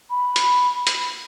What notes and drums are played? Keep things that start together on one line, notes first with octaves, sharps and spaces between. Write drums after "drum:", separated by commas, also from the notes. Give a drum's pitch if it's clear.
B5
drum: hi-hat
drum: hi-hat